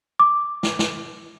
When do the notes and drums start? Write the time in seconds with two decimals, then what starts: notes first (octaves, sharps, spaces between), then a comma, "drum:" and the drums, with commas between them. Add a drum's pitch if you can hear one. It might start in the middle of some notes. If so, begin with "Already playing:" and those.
0.19 D6
0.63 drum: snare
0.79 drum: snare